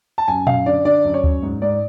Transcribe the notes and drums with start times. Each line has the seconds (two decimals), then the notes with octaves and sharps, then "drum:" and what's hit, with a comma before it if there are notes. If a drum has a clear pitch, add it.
0.18 A5
0.28 F#2 G#5
0.47 F#2 F5, drum: tom A#2
0.66 D3 D5
0.85 D3 D5
1.05 F#2
1.14 C#5
1.24 F#2, drum: kick D2
1.43 G#2
1.62 G#2 D5